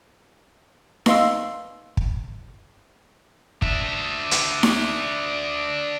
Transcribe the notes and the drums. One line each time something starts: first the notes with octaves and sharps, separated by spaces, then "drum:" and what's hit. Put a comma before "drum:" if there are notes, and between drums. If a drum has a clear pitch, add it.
B4 D#5 F5 C6 E6, drum: snare D#4
drum: kick
D4 E5, drum: kick
drum: hi-hat
drum: snare D#4